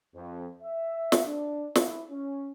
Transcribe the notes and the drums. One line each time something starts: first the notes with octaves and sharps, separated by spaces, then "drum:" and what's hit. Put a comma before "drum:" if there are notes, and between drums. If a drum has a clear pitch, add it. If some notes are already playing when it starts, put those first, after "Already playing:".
F2
E5
drum: snare
D4
E4, drum: snare
C#4